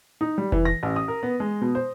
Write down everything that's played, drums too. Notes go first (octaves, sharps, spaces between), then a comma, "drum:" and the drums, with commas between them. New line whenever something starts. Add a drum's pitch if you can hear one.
D#4
G3
E3, drum: kick F1
A#6
A1
D#6
A#4
B3
G#3
B2
C5